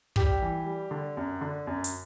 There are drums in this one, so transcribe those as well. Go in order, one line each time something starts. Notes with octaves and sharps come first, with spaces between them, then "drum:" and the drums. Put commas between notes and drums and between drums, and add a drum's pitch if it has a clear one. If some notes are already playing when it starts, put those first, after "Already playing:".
G3 G4, drum: kick
E3
G3
D3
F#2
D3
F#2
drum: hi-hat